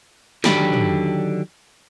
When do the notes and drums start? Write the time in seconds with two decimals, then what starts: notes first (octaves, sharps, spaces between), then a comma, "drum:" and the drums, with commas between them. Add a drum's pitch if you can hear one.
0.44 D3 D#3 F#3 D4 G4 B5, drum: snare
0.73 drum: tom